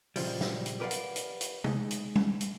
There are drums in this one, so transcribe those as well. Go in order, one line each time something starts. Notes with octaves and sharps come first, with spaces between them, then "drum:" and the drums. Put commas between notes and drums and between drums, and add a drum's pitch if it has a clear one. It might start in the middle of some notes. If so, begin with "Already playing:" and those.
A#2 C#3 F3 G3, drum: open hi-hat
drum: snare
drum: hi-hat
G4 A#4 B4 D5 F5 F#5
drum: hi-hat
drum: hi-hat
drum: hi-hat
G#3 D#4, drum: tom C3
drum: hi-hat
drum: tom G3
drum: hi-hat